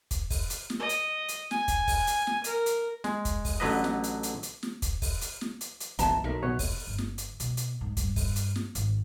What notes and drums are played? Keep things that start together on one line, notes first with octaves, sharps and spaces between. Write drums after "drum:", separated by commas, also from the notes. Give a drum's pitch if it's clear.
drum: kick, hi-hat
drum: kick, open hi-hat
drum: hi-hat
drum: snare
D#5
drum: hi-hat
drum: hi-hat
G#5, drum: snare
drum: kick, hi-hat
drum: kick, open hi-hat
drum: hi-hat
drum: snare
A#4, drum: hi-hat
drum: hi-hat
G#3, drum: snare
drum: kick, hi-hat
drum: kick, open hi-hat
A1 D3 F#3 B4 D#5
drum: snare
drum: hi-hat
drum: hi-hat
drum: hi-hat
drum: snare
drum: kick, hi-hat
drum: kick, open hi-hat
drum: hi-hat
drum: snare
drum: hi-hat
drum: hi-hat
F#1 B1 E3 D#5 A5 A#5, drum: hi-hat
B1 A4 A#4 E5
B2 B4 C#5
drum: kick, open hi-hat
G1
drum: snare
drum: hi-hat
B2, drum: hi-hat
drum: hi-hat
G#2
G2, drum: kick, hi-hat
drum: kick, open hi-hat
drum: hi-hat
drum: snare
G#1, drum: hi-hat